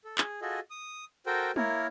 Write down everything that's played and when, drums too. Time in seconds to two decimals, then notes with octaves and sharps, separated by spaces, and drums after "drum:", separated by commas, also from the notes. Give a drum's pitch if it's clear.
0.05 A4
0.18 G#4, drum: clap
0.42 F4 F#4 G#4 A4 D#5
0.70 D#6
1.26 F#4 A4 A#4 C5 G5
1.56 A#3 E4 A#4 C#5, drum: tom